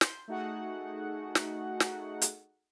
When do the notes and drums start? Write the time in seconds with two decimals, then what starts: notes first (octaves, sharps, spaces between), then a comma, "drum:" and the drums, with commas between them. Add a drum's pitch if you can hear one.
0.01 C6 G6, drum: snare
0.28 A3 D#4 F#4 G#4 F#5
1.35 drum: snare
1.80 drum: snare
2.22 drum: hi-hat